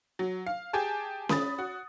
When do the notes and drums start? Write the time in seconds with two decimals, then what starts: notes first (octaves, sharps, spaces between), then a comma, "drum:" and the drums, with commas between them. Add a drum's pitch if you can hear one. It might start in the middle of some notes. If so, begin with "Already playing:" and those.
0.19 F#3
0.46 F5
0.73 G4 G#4 G#5 A5
1.29 B5 D#6 A6, drum: snare C#4
1.58 F#4